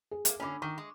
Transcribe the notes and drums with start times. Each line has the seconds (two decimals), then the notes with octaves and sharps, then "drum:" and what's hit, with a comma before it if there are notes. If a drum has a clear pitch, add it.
0.11 G#4
0.25 G#3 A#3, drum: hi-hat
0.40 D3 C#4 G#5 B5 D6
0.62 D#3 C#6
0.78 G#3